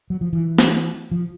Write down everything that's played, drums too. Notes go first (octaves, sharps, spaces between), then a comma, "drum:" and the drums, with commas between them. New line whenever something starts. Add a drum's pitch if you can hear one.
F#3
F3
E3
drum: snare
F3